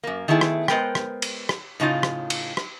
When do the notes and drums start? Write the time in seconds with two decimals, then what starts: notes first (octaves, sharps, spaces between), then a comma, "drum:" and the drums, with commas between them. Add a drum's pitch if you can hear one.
0.03 F#2 A#3
0.28 D#3 A3 B3 E4 G#4
0.41 drum: rim click
0.68 G#3 B3 A#4 C5 G5, drum: rim click
0.95 drum: rim click
1.22 drum: cymbal
1.49 drum: rim click
1.80 A2 C#3 D#4 F4
2.03 drum: rim click
2.30 drum: cymbal
2.57 drum: rim click